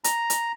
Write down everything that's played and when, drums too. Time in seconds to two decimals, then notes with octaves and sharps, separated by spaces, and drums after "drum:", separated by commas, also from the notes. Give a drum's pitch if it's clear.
0.04 A#5, drum: hi-hat
0.30 drum: hi-hat